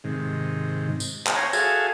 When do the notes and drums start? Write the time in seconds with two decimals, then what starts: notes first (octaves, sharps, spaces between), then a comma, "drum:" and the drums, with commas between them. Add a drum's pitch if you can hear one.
0.04 G#2 C3 D#3
1.00 drum: tambourine
1.27 drum: clap
1.36 C5 C#5 G#5 A#5
1.53 F#4 G#4 A4 E5 F5 G#5, drum: tambourine